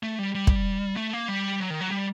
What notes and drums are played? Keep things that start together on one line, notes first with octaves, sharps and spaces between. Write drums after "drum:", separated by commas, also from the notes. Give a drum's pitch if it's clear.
A3
G3
G3
drum: kick
A3
A#3
G3
F#3
D#3
F#3
G3